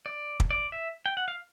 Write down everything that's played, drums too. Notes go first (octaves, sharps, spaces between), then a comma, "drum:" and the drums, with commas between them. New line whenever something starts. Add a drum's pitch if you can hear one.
D5
drum: kick
D5
E5
G5
F#5
F5